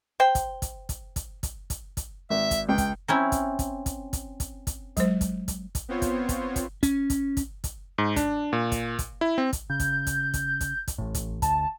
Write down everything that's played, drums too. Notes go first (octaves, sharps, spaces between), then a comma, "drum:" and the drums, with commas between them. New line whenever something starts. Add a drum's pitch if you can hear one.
C5 G5
drum: kick, hi-hat
drum: kick, hi-hat
drum: kick, hi-hat
drum: kick, hi-hat
drum: kick, hi-hat
drum: kick, hi-hat
drum: kick, hi-hat
G#1 E5
drum: kick, hi-hat
C#2 G5
drum: kick, hi-hat
C4 C#4 E4 A#5
drum: kick, hi-hat
drum: kick, hi-hat
drum: kick, hi-hat
drum: kick, hi-hat
drum: kick, hi-hat
drum: kick, hi-hat
F#3 G#3 C5, drum: kick, hi-hat
drum: kick, hi-hat
drum: kick, hi-hat
drum: kick, hi-hat
B3 C4 F4 C5 C#5
drum: kick, hi-hat
drum: kick, hi-hat
drum: kick, hi-hat
C#4, drum: kick, hi-hat
drum: kick, hi-hat
drum: kick, hi-hat
drum: kick, hi-hat
G#2
D4, drum: kick, hi-hat
A#2
drum: kick, hi-hat
drum: kick, hi-hat
E4
C4
drum: kick, hi-hat
C#3 G6
drum: kick, hi-hat
drum: kick, hi-hat
drum: kick, hi-hat
drum: kick, hi-hat
drum: kick, hi-hat
A1 A2
drum: kick, hi-hat
D2 A5, drum: kick, hi-hat